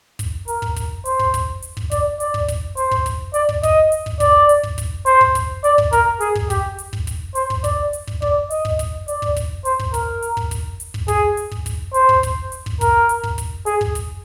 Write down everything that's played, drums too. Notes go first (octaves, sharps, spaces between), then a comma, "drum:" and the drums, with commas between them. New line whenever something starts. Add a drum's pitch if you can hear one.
drum: kick, hi-hat
A#4, drum: hi-hat
drum: kick
drum: kick, hi-hat
C5, drum: hi-hat
drum: kick
drum: kick, hi-hat
drum: hi-hat
drum: kick
D5, drum: kick, hi-hat
D5, drum: hi-hat
drum: kick
drum: kick, hi-hat
C5, drum: hi-hat
drum: kick
drum: kick, hi-hat
D5, drum: hi-hat
drum: kick
D#5, drum: kick, hi-hat
drum: hi-hat
drum: kick
D5, drum: kick, hi-hat
drum: hi-hat
drum: kick
drum: kick, hi-hat
C5, drum: hi-hat
drum: kick
drum: kick, hi-hat
D5, drum: hi-hat
drum: kick
A#4, drum: kick, hi-hat
G#4, drum: hi-hat
drum: kick
G4, drum: kick, hi-hat
drum: hi-hat
drum: kick
drum: kick, hi-hat
C5, drum: hi-hat
drum: kick
D5, drum: kick, hi-hat
drum: hi-hat
drum: kick
D5, drum: kick
D#5, drum: hi-hat
drum: kick
drum: kick, hi-hat
D5, drum: hi-hat
drum: kick
drum: kick, hi-hat
C5, drum: hi-hat
drum: kick
A#4, drum: kick, hi-hat
drum: hi-hat
drum: kick
drum: kick, hi-hat
drum: hi-hat
drum: kick
G#4, drum: kick, hi-hat
drum: hi-hat
drum: kick
drum: kick, hi-hat
C5, drum: hi-hat
drum: kick
drum: kick, hi-hat
drum: hi-hat
drum: kick
A#4, drum: kick, hi-hat
drum: hi-hat
drum: kick
drum: kick, hi-hat
G#4, drum: hi-hat
drum: kick
drum: kick, hi-hat